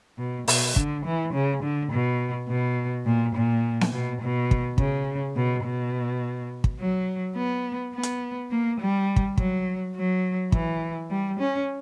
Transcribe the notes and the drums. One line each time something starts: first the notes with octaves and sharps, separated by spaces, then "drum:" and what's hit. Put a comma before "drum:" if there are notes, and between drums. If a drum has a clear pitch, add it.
B2
B2, drum: open hi-hat
D3, drum: kick
E3
C#3
D3
B2
B2
A#2
A#2
drum: snare B3
B2
B2
drum: kick
C#3, drum: kick
B2
B2
drum: kick
F#3
B3
B3
drum: hi-hat
A#3
G3
drum: kick
F#3, drum: kick
F#3
E3, drum: kick
G3
C#4